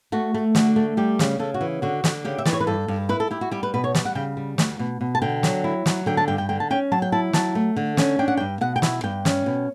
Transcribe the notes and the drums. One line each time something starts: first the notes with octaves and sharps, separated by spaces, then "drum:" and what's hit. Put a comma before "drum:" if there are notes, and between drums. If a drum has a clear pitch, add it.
A3 F#4
A3
D3 F#4, drum: snare
A3
G3 G4
C#3, drum: snare
C#3 A4
F#4
E3
D3 F#4
D3, drum: snare
C#3 G4
E5
E3 D5, drum: snare
C#5
B4
G2 A4
G2
E4 B4
A4
E4 G4
F#4
G3 G4
B4
B2 B4
C#5
G3 D5, drum: snare
F#5
C#3 G5
G3
D2, drum: snare
B2
B2
A5
D3 G5
F#3, drum: snare
E4
F#3, drum: snare
D3 G5
A5
G2 G5
G5
D3 G5
A5
C#4 G5
F#3 A5
G5
E4 A5
F#3 A5, drum: snare
A3
D3
C#4, drum: snare
D4 G5
F#5
G2 G5
B2 F#5
G5
E4, drum: snare
G2 G5
C#4, drum: snare
B2